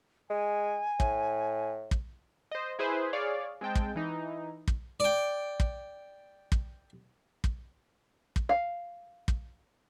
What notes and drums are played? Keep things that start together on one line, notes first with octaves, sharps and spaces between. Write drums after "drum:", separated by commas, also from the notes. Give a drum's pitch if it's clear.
G#3 G#5
A2, drum: kick
drum: kick
C5 D#5
E4 G#4 B4 C5
G#4 C#5 D5 F5
G#3 C4 G5 A5
drum: kick
E3 D#4
drum: kick
D5 G5
drum: kick
drum: kick
drum: kick
drum: kick
F5
drum: kick